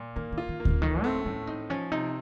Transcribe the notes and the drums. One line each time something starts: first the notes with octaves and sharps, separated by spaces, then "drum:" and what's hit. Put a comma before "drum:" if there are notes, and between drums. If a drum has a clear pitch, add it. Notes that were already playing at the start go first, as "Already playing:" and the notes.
Already playing: A#2
D#3 A#3
D#3
F4
D#3
A#3
C#3, drum: kick D2
A2 D#3
A3 C4
A2 C#4
C4 D#4
F3 C#4
C3 D#4